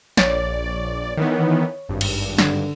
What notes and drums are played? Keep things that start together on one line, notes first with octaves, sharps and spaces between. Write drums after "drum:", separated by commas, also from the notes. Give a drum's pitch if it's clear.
A#1 C#5 D5 A6, drum: snare
D#3 E3 B3
G#1 G2
drum: cymbal
D3, drum: snare